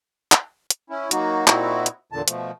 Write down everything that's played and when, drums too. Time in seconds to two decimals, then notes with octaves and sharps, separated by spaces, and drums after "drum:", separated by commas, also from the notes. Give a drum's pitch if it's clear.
0.32 drum: clap
0.70 drum: hi-hat
0.90 C#4 E4
1.11 F#3 A#3 D#4 F#4, drum: hi-hat
1.48 A#2 C4 D#4 E4 F#4, drum: clap
1.86 drum: hi-hat
2.12 E2 A#2 D3 A5
2.28 B2 F3 A3, drum: hi-hat